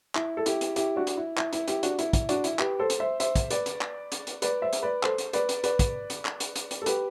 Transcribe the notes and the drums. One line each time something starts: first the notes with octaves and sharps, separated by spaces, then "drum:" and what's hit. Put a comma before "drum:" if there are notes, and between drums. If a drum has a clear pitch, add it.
E4, drum: clap
A4
E4 G4, drum: hi-hat
drum: hi-hat
E4 G4, drum: hi-hat
D4 F#4
drum: hi-hat
E4
E4, drum: clap
E4, drum: hi-hat
E4 G4, drum: hi-hat
D4 F#4, drum: hi-hat
E4, drum: hi-hat
E4, drum: kick, hi-hat
D4 F#4, drum: hi-hat
E4, drum: hi-hat
G4 B4, drum: clap
A4 C5
drum: hi-hat
C5 E5
C5 E5, drum: hi-hat
drum: kick, hi-hat
B4 D5, drum: hi-hat
drum: hi-hat
drum: clap
drum: hi-hat
drum: hi-hat
B4 D5, drum: hi-hat
C5 E5
drum: hi-hat
B4 D5
A4 C5, drum: clap
drum: hi-hat
B4 D5, drum: hi-hat
drum: hi-hat
B4 D5, drum: hi-hat
drum: kick, hi-hat
drum: hi-hat
drum: clap
drum: hi-hat
drum: hi-hat
drum: hi-hat
A4
G4 B4, drum: hi-hat